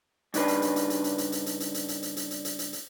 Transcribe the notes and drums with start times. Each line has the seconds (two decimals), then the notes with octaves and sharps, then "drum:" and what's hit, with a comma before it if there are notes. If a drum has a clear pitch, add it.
0.34 G2 C#3 D4 D#4 B4, drum: hi-hat
0.48 drum: hi-hat
0.62 drum: hi-hat
0.76 drum: hi-hat
0.90 drum: hi-hat
1.04 drum: hi-hat
1.18 drum: hi-hat
1.32 drum: hi-hat
1.46 drum: hi-hat
1.60 drum: hi-hat
1.74 drum: hi-hat
1.88 drum: hi-hat
2.03 drum: hi-hat
2.17 drum: hi-hat
2.31 drum: hi-hat
2.45 drum: hi-hat
2.59 drum: hi-hat
2.73 drum: hi-hat